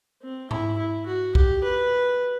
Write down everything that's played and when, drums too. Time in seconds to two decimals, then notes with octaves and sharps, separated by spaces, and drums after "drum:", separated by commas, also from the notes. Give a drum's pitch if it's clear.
0.22 C4
0.51 E4, drum: tom G#2
0.78 E4
1.06 F#4
1.35 G4, drum: kick
1.64 B4